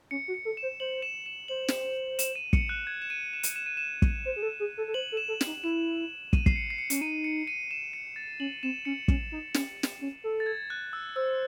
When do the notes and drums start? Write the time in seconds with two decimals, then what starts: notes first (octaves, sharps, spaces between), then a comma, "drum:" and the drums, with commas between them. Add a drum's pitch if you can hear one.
0.11 C#4 C#7
0.28 F#4
0.34 C#7
0.45 A4
0.57 E7
0.63 C5
0.80 C5 F#7
1.02 E7
1.26 E7
1.48 C5 F#7
1.68 drum: snare
2.19 E7, drum: hi-hat
2.35 D#7
2.53 C#7, drum: kick
2.69 F#6
2.87 G#6
3.02 E7
3.10 D#7
3.33 E7
3.43 drum: hi-hat
3.56 E7
3.66 D#7
3.77 E7
4.02 drum: kick
4.25 C5
4.36 G#4
4.42 A4
4.60 G#4
4.77 A4
4.88 A4
4.94 C5 F#7
5.12 A4
5.17 E7
5.28 A4
5.41 F#7, drum: snare
5.47 D#4
5.63 E4 E7
6.33 D#7, drum: kick
6.46 C7, drum: kick
6.56 C#7
6.70 C7
6.78 C#7
6.90 C#4, drum: hi-hat
7.01 D#4 D#7
7.24 C#7
7.47 D#7
7.71 E7
7.93 C#7
8.16 A6
8.40 C#4 F#7
8.63 C4 E7
8.85 C#4 C#7
9.08 C#4, drum: kick
9.32 D#4
9.54 C#4, drum: snare
9.83 drum: snare
10.01 C#4
10.24 A4
10.40 A6
10.46 G#6
10.70 F#6
10.93 E6
11.16 C5 E6